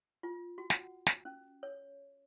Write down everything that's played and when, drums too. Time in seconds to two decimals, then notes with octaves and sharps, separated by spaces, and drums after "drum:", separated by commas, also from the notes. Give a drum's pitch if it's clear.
0.23 F4
0.58 F#4
0.70 F#5, drum: snare
1.06 drum: snare
1.25 C#4
1.63 C#5